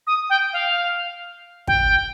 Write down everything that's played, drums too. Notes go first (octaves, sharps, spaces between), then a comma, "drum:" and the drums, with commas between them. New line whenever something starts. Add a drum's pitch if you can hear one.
D#6
G5
F5
G5, drum: kick